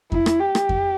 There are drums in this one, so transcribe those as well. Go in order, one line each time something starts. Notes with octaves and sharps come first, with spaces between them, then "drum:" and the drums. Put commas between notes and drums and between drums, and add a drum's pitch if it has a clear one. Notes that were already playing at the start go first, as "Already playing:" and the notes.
E4, drum: kick F2
drum: rim click
G4
drum: rim click
drum: kick F2